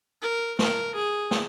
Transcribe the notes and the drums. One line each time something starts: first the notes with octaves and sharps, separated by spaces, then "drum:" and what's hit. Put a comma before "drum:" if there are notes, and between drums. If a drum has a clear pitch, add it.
A#4
A#4, drum: snare
G#4
drum: snare